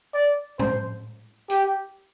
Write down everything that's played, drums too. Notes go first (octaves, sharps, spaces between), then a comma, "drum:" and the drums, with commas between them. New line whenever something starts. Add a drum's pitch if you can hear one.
D5
C5, drum: tom
G4, drum: hi-hat